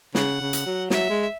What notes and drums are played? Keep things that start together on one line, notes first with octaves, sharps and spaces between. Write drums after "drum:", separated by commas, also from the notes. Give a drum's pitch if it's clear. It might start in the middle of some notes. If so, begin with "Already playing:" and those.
C#3 F#5, drum: snare
C#3
drum: hi-hat
F#3
F#3 E5, drum: snare
G#3